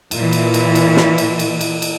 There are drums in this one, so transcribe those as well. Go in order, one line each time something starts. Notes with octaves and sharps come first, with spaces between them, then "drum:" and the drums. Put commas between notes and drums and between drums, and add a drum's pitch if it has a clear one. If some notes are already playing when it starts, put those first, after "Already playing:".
A#2 E3, drum: cymbal
drum: cymbal
drum: cymbal
drum: cymbal
drum: snare
drum: cymbal
drum: cymbal
drum: cymbal
drum: cymbal